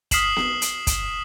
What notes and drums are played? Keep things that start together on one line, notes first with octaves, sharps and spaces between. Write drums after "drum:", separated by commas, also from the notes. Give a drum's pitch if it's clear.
D#6 F6 B6 C7 E7 F#7, drum: kick, hi-hat
drum: snare B3
drum: hi-hat
drum: kick, hi-hat